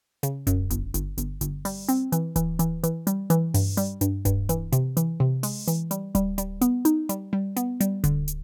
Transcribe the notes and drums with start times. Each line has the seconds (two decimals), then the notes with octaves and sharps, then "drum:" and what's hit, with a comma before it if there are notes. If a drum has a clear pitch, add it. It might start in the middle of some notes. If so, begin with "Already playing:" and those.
0.23 C#3, drum: hi-hat
0.47 F#2, drum: kick D1, hi-hat
0.70 G1, drum: hi-hat
0.94 G1, drum: hi-hat
1.18 G1, drum: hi-hat
1.41 G1, drum: hi-hat
1.65 G3, drum: open hi-hat
1.89 C4, drum: hi-hat
2.12 E3, drum: hi-hat
2.36 E3, drum: kick D1, hi-hat
2.59 E3, drum: hi-hat
2.83 E3, drum: hi-hat
3.07 G3, drum: hi-hat
3.30 E3, drum: hi-hat
3.54 G2, drum: open hi-hat
3.77 G3, drum: hi-hat
4.01 G2, drum: hi-hat
4.25 G2, drum: kick D1, hi-hat
4.49 E3, drum: hi-hat
4.72 C3, drum: hi-hat
4.97 E3, drum: hi-hat
5.20 C3
5.43 G#3, drum: open hi-hat
5.68 E3, drum: hi-hat
5.91 G3, drum: hi-hat
6.15 G3, drum: kick D1, hi-hat
6.38 G3, drum: hi-hat
6.61 B3, drum: hi-hat
6.85 D#4, drum: hi-hat
7.09 G3, drum: hi-hat
7.33 G3
7.56 B3, drum: hi-hat
7.81 G3, drum: hi-hat
8.04 D3, drum: kick D1, hi-hat
8.28 drum: hi-hat